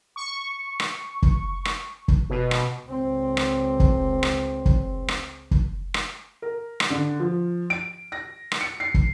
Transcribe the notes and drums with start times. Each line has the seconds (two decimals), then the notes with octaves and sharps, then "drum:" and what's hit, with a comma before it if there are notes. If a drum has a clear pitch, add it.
0.16 C#6
0.80 drum: rim click
1.22 drum: kick
1.65 drum: rim click
2.08 drum: kick
2.30 B2
2.51 drum: rim click
2.87 C#2 C4
3.37 drum: rim click
3.80 drum: kick
4.23 drum: rim click
4.66 drum: kick
5.08 drum: rim click
5.51 drum: kick
5.94 drum: rim click
6.42 A#4
6.80 drum: rim click
6.90 D3
7.20 F3
7.70 D7
8.12 A#6
8.52 drum: rim click
8.61 C#7
8.80 C7
8.94 drum: kick